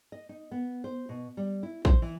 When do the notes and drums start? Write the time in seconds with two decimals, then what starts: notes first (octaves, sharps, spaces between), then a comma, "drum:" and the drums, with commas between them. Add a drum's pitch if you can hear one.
0.12 D#5
0.29 D#4
0.51 B3
0.84 C5
1.09 B2
1.37 G3
1.63 E4
1.85 C5, drum: kick
2.02 E3